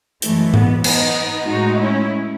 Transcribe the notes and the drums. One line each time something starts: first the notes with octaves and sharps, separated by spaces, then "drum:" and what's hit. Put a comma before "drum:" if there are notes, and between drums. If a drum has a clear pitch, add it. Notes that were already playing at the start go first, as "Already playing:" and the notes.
F#2 E3 G#3 A3, drum: hi-hat
B3, drum: tom G#2
B3 D#4, drum: cymbal
A2 G#3 D#4 F#4
C#4 E4